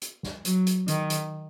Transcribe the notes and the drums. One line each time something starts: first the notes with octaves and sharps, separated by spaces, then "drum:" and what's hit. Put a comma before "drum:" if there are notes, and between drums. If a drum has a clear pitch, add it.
drum: hi-hat
drum: snare
F#3, drum: hi-hat
drum: hi-hat
D#3, drum: hi-hat
drum: hi-hat